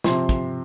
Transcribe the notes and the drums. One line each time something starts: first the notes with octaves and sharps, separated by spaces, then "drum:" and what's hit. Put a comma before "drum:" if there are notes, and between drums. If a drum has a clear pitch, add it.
C3 F3 C4 C6, drum: snare
drum: kick, hi-hat